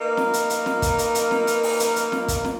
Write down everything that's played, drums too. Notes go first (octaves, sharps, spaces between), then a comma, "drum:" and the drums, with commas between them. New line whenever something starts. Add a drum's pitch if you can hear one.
A#3 D#4 A#4 B4
drum: snare
drum: hi-hat
drum: hi-hat
drum: snare
drum: kick, hi-hat
drum: hi-hat
drum: hi-hat
drum: snare
drum: hi-hat
drum: open hi-hat
drum: hi-hat
drum: hi-hat
drum: snare
drum: kick, hi-hat
drum: snare